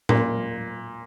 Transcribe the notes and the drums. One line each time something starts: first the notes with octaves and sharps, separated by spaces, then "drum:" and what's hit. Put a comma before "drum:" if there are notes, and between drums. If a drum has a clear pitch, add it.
A#2, drum: tom A2